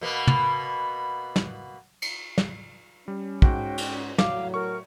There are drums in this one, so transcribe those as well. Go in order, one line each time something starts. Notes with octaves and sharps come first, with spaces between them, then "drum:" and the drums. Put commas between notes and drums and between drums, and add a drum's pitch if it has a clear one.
B2 A#3 B3
drum: tom
drum: snare
drum: cymbal
drum: snare
G3 C#4
G#2 F#4 G5, drum: kick
drum: cymbal
A2 F#3 F5 D6, drum: snare
A#4 C#6